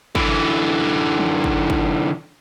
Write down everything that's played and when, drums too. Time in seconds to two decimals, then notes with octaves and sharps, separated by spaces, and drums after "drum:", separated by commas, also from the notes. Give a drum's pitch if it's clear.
0.15 D3 E3, drum: kick
1.18 drum: tom E3
1.44 drum: kick
1.70 drum: kick